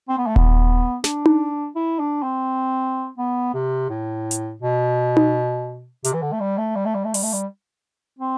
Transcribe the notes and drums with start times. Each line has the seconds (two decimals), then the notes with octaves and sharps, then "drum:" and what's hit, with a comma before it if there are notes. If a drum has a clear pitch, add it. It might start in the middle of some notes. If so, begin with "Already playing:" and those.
0.08 C4
0.18 B3
0.27 A3
0.36 B3, drum: kick D#1
1.04 D4, drum: snare
1.26 drum: tom D#4
1.75 E4
1.99 D4
2.23 C4
3.18 B3
3.54 C3
3.90 A2
4.31 drum: hi-hat
4.62 B2
5.17 drum: tom D#4
6.04 C3, drum: hi-hat
6.13 E3
6.22 D3
6.32 A3
6.40 G3
6.58 A3
6.76 G3
6.85 A3
6.95 G3
7.04 A3
7.14 G3, drum: open hi-hat
7.23 A3
7.33 G3
8.18 C4